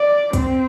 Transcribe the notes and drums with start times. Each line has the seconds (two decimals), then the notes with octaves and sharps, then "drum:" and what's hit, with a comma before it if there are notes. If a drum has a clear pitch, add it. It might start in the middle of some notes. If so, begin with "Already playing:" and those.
Already playing: D5
0.33 C4, drum: kick, hi-hat